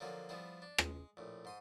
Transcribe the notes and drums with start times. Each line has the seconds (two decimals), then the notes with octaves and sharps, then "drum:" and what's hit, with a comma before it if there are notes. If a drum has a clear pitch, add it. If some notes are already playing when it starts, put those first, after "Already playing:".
0.01 D3 F3 F#3 A#3 G#4
0.29 F3 G3 B3 E4 G#4
0.62 D4
0.78 G#3, drum: rim click
1.17 A#1 A2
1.45 G#2 C6 D#6